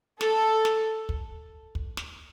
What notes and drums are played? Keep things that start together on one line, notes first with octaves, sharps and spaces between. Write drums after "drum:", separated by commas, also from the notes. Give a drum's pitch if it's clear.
A4, drum: snare
drum: snare
drum: kick
drum: kick
drum: snare